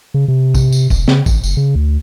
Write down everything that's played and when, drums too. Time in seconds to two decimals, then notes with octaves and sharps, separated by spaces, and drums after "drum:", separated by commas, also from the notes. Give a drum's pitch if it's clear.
0.14 C#3
0.28 C3
0.55 drum: kick, tambourine
0.72 drum: tambourine
0.90 E1, drum: kick, tambourine
1.08 C#3, drum: snare
1.26 G#1, drum: kick, tambourine
1.44 F#1, drum: tambourine
1.57 C#3
1.75 D2